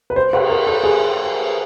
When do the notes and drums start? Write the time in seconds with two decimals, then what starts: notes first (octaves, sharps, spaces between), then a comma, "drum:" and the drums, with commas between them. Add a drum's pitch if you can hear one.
0.10 B4
0.16 C5
0.33 B4, drum: cymbal
0.50 A#4
0.67 A4
0.84 G#4